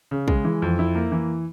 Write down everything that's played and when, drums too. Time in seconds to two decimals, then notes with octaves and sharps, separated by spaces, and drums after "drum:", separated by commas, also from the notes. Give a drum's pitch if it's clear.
0.11 C#3
0.28 G#3, drum: kick
0.44 E3
0.62 F2
0.79 E4
0.95 A#3
1.12 E3